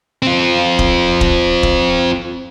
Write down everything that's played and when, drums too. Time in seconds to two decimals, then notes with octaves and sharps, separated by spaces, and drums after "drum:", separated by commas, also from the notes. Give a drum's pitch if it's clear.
0.23 C4 F4
0.79 drum: kick
1.21 drum: kick
1.63 drum: kick